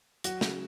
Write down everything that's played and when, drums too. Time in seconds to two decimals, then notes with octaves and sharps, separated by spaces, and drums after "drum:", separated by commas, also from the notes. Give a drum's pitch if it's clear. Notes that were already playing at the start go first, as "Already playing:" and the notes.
0.24 F#3 F#4, drum: hi-hat
0.41 C#3, drum: snare